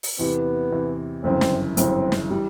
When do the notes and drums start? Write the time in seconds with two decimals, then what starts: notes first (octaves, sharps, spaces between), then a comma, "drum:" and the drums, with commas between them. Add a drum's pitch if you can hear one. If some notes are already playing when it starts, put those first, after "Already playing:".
0.03 drum: open hi-hat
0.19 E2 C3 E3 B3
0.72 E2 C3 E3
1.24 G1 F#2 C#3 E3 C4
1.41 drum: snare
1.77 G1 F#2 C#3 E3 C4, drum: hi-hat
2.12 drum: snare
2.30 E3 G3